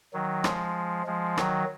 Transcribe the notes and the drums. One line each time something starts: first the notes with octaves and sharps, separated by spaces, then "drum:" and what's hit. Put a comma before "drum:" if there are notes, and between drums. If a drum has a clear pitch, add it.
D#3 F#3
F3 G#3, drum: rim click
F3 G#3
D#3 F#3, drum: rim click